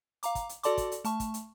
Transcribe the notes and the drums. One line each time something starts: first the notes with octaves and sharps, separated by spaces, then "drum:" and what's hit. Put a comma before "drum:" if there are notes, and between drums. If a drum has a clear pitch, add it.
F5 A#5 D6, drum: hi-hat
drum: kick, hi-hat
drum: hi-hat
F#4 A4 D5 A5 C6 D6, drum: hi-hat
drum: kick, hi-hat
drum: hi-hat
A3 A5 C#6, drum: hi-hat
drum: kick, hi-hat
drum: hi-hat